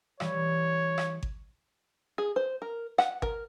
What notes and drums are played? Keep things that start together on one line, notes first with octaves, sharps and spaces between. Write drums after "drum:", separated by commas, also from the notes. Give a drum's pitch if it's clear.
E3 G3 C#5, drum: rim click
drum: rim click
drum: kick G#1
G#4
C5
A#4
F#5, drum: rim click
A#4, drum: kick G#1